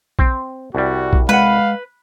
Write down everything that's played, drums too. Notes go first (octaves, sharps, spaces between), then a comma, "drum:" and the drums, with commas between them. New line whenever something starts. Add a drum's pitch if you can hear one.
C4, drum: kick A#1
C2 G3 F#4
drum: kick A#1
G#3 B4 F5 F#5